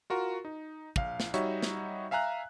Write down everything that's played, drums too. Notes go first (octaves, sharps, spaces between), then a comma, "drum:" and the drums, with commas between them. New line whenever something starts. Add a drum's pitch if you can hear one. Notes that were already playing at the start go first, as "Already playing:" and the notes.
F4 F#4 A#4
D#4
A#1 F5, drum: kick
drum: snare
G3 D#4 F#4 C#5 E5, drum: hi-hat
drum: snare
E5 F5 G#5 A#5 F#6